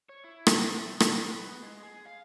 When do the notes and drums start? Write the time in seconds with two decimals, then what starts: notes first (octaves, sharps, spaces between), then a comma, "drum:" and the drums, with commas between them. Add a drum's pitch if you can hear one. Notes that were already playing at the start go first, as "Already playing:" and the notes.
0.09 C#5
0.24 E4
0.47 C3, drum: rim click
0.74 A3
1.00 G3, drum: rim click
1.31 B3
1.63 G#3
1.83 G#4
2.06 F5